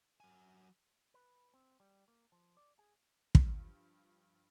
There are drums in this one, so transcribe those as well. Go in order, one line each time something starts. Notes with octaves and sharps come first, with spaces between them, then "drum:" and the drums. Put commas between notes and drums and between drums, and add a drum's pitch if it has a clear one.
F#3 G#5
B4
C4
G3
A#3
F3
D5
G#4
G2 F3, drum: kick